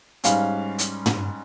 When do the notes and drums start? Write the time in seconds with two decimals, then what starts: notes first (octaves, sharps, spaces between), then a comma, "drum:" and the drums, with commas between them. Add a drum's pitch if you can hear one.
0.24 G#2 G3 C#4 F5, drum: hi-hat
0.79 drum: hi-hat
1.06 drum: tom